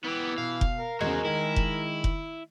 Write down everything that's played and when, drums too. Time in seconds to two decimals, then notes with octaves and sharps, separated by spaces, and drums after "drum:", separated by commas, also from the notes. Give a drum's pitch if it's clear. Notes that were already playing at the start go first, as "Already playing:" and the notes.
0.04 E3 B3 G4
0.38 B2 F5
0.61 drum: kick F1
0.78 A#4
1.01 E2 C#3 G#3 F#4 C5
1.25 D#3 E4
1.56 drum: kick F1
2.04 drum: kick F1